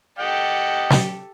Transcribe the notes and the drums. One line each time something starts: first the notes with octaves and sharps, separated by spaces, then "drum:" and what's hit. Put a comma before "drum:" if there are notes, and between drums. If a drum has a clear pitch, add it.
G4 A4 D#5 F#5 G5
drum: snare